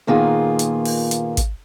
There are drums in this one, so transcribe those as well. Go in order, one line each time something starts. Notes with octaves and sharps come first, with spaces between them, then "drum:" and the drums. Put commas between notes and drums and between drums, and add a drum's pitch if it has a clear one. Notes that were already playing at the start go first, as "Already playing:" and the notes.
A#2 D#3 A#3 B3 F4 G#4
drum: hi-hat
drum: open hi-hat
drum: hi-hat
drum: kick, hi-hat